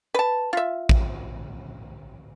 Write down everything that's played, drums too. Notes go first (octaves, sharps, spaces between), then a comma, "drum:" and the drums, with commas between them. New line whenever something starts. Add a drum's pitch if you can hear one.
B4 A5
F4 E5
drum: kick A1